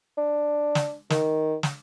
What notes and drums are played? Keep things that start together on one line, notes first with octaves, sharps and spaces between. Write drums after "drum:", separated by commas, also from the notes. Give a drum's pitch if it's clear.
D4
drum: snare
D#3, drum: snare
drum: snare